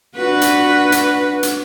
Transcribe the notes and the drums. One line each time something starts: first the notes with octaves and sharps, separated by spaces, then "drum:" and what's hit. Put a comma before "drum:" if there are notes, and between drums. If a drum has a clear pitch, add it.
D4 F#4 B4
drum: hi-hat
drum: hi-hat
drum: hi-hat